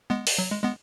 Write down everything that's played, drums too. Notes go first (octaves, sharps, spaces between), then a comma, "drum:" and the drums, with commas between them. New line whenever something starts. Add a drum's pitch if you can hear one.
G#3 B3
drum: open hi-hat
F#3
G#3
G#3 B3